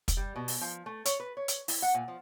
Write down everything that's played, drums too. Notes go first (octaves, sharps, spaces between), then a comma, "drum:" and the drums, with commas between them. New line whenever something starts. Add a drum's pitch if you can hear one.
drum: kick, hi-hat
G3
B2
drum: open hi-hat
F3
A3
C#5, drum: hi-hat
B4
C#5
drum: hi-hat
E4, drum: open hi-hat
F#5
A#2
F3